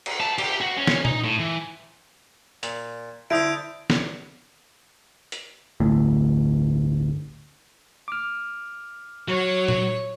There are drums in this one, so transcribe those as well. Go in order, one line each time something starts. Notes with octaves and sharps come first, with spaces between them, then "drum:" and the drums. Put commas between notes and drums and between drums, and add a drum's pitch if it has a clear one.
drum: cymbal
A5
G4, drum: cymbal
F#4
C#4
drum: snare
D#4, drum: tom A#2
A2
E3
A#2, drum: hi-hat
D3 E4 C5 D#6 G6 D7
drum: snare
drum: hi-hat
G1 D2 A2
D6 F6
F#3 F#4 C#5
drum: tom A#2